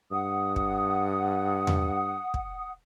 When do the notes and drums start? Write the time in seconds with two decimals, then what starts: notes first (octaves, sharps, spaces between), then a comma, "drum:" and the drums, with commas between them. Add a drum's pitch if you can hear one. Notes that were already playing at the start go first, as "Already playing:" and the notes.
0.12 G2 F#5 D#6
0.56 drum: kick
1.67 drum: tom E2
2.34 drum: kick